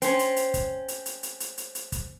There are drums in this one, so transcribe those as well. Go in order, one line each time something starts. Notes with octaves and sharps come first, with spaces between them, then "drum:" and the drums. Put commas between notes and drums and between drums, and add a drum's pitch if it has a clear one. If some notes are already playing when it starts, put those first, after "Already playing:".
C4 C#4, drum: hi-hat
drum: hi-hat
drum: hi-hat
drum: kick, hi-hat
drum: hi-hat
drum: hi-hat
drum: hi-hat
drum: hi-hat
drum: hi-hat
drum: hi-hat
drum: kick, hi-hat